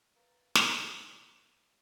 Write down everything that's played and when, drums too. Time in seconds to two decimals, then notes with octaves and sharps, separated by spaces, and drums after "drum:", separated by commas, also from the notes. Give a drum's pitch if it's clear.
0.15 A#4 B4 F5 A#5 A6
0.55 drum: snare